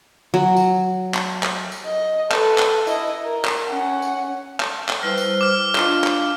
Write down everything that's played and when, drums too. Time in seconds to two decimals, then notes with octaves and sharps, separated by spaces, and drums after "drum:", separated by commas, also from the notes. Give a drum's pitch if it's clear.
0.34 F#3
0.56 drum: tambourine
1.14 drum: clap
1.43 drum: clap
1.72 drum: tambourine
1.86 D#5
2.31 A4 B4, drum: clap
2.58 drum: clap
2.87 E4 D#5, drum: tambourine
3.24 A#4
3.45 drum: clap
3.69 C#4 F#5
4.02 drum: tambourine
4.60 drum: clap
4.89 drum: clap
5.03 G3 E4 B4 C5 F6
5.18 drum: tambourine
5.41 D6 F6
5.75 D4 F4 D#5 F5, drum: clap
6.04 drum: clap